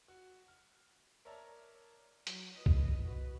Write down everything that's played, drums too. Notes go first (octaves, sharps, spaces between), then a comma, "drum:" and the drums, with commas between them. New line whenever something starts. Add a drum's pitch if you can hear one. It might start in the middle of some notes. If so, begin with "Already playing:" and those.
F#4
F6
A#4 C#5 D5 E5 A5 A#5
F#3, drum: hi-hat
B4 D#5
drum: kick C2
F#4 B4